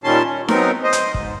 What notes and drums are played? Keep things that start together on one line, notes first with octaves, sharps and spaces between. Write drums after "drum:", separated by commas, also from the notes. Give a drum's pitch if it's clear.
A#2 D#3 G3 C#4 A5 C6
C#4
F#3 B3 C4 D#4 A#4, drum: snare D#4
C5 D#5
drum: hi-hat
G#2, drum: kick